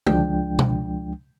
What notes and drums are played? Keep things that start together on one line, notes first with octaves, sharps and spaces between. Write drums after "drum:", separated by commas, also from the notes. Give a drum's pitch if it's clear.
C#2 F3 G#3 D4 G5, drum: tom
drum: tom B2